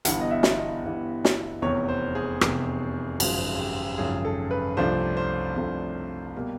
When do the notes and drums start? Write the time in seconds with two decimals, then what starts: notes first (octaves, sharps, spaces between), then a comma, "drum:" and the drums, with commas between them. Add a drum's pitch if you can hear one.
0.05 G1 G2 E3 G3 B3 F#5, drum: hi-hat
0.21 D#5
0.31 E5
0.43 drum: snare
0.57 D#5
0.84 G1 G2 E3 G3 B3
1.25 drum: snare
1.62 F1 E2 C3 C#5
1.89 C5
2.15 G#4
2.41 F1 E2 C3, drum: rim click
3.20 G#1 F#2 C#3 F3 G#4, drum: cymbal
3.52 G#4
3.59 G4
3.98 G#1 F#2 C#3 F3 G#4
4.25 A4
4.51 B4
4.77 C2 C3 F3 A3 D4 C5
5.17 C5
5.56 C2 C3 F3 A3 D4
6.36 B2 G3 A#3